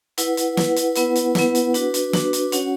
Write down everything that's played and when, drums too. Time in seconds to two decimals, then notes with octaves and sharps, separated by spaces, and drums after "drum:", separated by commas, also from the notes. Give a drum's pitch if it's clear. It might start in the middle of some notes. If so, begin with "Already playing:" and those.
0.18 E4 B4 F#5, drum: hi-hat
0.37 drum: hi-hat
0.57 E4 B4 F#5, drum: snare
0.76 drum: hi-hat
0.95 B3 E4 B4 F#5, drum: hi-hat
1.15 drum: hi-hat
1.35 B3 E4 B4 F#5, drum: snare
1.55 drum: hi-hat
1.74 D4 F#4 B4, drum: hi-hat
1.94 drum: hi-hat
2.13 D4 F#4 B4, drum: snare
2.33 drum: hi-hat
2.52 C#4 F#4 C#5 F#5, drum: hi-hat